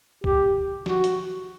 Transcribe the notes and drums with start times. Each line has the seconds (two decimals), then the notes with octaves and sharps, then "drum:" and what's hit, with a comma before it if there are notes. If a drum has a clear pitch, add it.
0.24 G4, drum: kick
0.86 F#4, drum: snare F3
1.04 drum: hi-hat